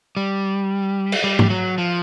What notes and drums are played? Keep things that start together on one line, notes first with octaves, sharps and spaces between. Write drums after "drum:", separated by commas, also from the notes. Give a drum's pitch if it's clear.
G3
drum: cymbal
G3
drum: tom G#2
F#3
F3